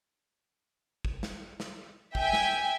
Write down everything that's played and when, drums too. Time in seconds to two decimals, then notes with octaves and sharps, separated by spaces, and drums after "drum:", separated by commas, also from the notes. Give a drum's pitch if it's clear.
1.05 drum: kick
1.23 drum: snare
1.60 drum: snare
2.15 E5 G5 G#5, drum: kick
2.33 drum: snare